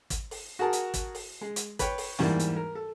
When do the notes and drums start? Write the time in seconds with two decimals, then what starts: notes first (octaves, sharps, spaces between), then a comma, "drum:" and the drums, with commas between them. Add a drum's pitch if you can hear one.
0.10 drum: kick, hi-hat
0.31 drum: open hi-hat
0.59 F#4 G#4 A#4 A5
0.73 drum: hi-hat
0.94 drum: kick, hi-hat
1.15 drum: open hi-hat
1.41 G#3
1.56 drum: hi-hat
1.79 B4 C#5 G5, drum: kick, hi-hat
1.98 drum: open hi-hat
2.19 E2 G#2 E3 G3 A#3, drum: snare
2.40 drum: hi-hat
2.56 A#4
2.75 A4